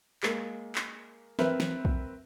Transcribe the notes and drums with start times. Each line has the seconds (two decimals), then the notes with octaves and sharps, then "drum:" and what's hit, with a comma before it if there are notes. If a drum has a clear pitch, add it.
0.23 G#3 A#3, drum: clap
0.75 drum: clap
1.39 C4 A#4 B4 E5, drum: snare
1.60 drum: snare
1.85 drum: kick